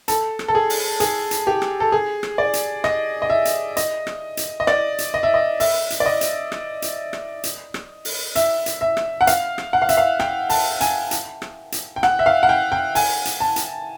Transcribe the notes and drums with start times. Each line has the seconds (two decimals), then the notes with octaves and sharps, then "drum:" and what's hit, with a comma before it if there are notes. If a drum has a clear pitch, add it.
0.08 A4, drum: hi-hat
0.39 drum: rim click
0.48 A4
0.55 G#4
0.70 drum: open hi-hat
1.00 G#4, drum: hi-hat
1.31 drum: hi-hat
1.47 G4
1.62 drum: rim click
1.80 A4
1.92 G#4
2.23 drum: rim click
2.38 D5
2.53 drum: hi-hat
2.84 D#5, drum: rim click
3.22 D#5
3.30 E5
3.45 drum: hi-hat
3.77 D#5, drum: hi-hat
4.07 drum: rim click
4.37 drum: hi-hat
4.60 D#5
4.67 D5, drum: rim click
4.99 drum: hi-hat
5.14 D#5
5.23 E5
5.34 D#5
5.60 E5, drum: open hi-hat
5.90 drum: hi-hat
6.00 D5
6.06 D#5
6.21 drum: hi-hat
6.52 drum: rim click
6.82 drum: hi-hat
7.13 drum: rim click
7.44 drum: hi-hat
7.74 drum: rim click
8.05 drum: open hi-hat
8.36 E5, drum: hi-hat
8.66 drum: hi-hat
8.81 E5
8.97 drum: rim click
9.21 F#5
9.27 F5, drum: hi-hat
9.58 drum: rim click
9.73 F#5
9.82 F5
9.89 E5, drum: hi-hat
9.97 F5
10.20 G5, drum: rim click
10.50 A5, drum: open hi-hat
10.81 G#5, drum: hi-hat
11.11 drum: hi-hat
11.42 drum: rim click
11.72 drum: hi-hat
11.96 G5
12.03 F#5, drum: rim click
12.19 E5
12.26 F5
12.43 F#5
12.49 G5
12.72 G5
12.95 G#5, drum: open hi-hat
13.25 drum: hi-hat
13.40 A5
13.56 drum: hi-hat